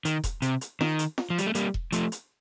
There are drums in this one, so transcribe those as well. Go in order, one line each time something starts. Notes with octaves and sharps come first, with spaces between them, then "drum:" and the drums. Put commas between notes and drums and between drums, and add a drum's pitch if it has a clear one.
D#3, drum: hi-hat
drum: kick E1, hi-hat
C3, drum: hi-hat
drum: hi-hat
D#3, drum: snare
drum: hi-hat
drum: snare
F3
G3, drum: hi-hat
A3
G3 A#3, drum: hi-hat
drum: kick E1
F3 A3, drum: hi-hat
drum: hi-hat